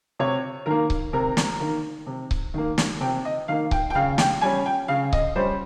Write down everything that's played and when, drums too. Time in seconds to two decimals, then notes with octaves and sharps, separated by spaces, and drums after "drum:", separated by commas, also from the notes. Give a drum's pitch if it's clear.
0.19 C3 C#5
0.66 D#3 A#3 A#4
0.90 drum: kick C#1
1.13 C3 A#4
1.37 drum: snare
1.60 D#3 A#3
2.07 C3
2.31 drum: kick C#1
2.54 D#3 A#3
2.78 drum: snare
3.01 C3 G5
3.25 D#5
3.48 D#3 A#3 F5
3.71 G5, drum: kick C#1
3.90 G5
3.95 C#3 F5
4.18 G5, drum: snare
4.41 G3 C#4 G#5
4.66 G5
4.88 C#3 F5
5.13 D#5, drum: kick C#1
5.36 G3 C#4 C5